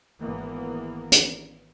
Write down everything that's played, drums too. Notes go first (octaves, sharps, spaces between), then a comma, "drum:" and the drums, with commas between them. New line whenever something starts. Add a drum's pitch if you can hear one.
G#1 E3 A#3 B3
drum: hi-hat